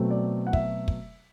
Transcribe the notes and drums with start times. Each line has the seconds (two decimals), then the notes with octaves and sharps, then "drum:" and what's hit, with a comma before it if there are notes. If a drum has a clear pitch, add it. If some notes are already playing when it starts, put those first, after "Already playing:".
Already playing: B2 F#3 A3 C4
0.11 D5
0.47 F#5
0.53 E5, drum: kick
0.88 drum: kick